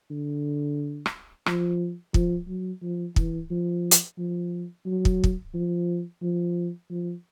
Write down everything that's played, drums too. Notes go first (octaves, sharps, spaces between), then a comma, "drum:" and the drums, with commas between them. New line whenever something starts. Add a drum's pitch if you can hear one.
D3
drum: rim click
F3, drum: rim click
F3, drum: kick
F#3
F3
E3, drum: kick
F3
drum: hi-hat
F3
F#3
drum: kick
drum: kick
F3
F3
F3